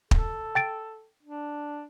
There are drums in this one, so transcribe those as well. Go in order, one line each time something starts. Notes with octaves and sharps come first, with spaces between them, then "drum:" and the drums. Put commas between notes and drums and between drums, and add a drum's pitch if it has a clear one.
A4, drum: kick
G5 A6 D7
D4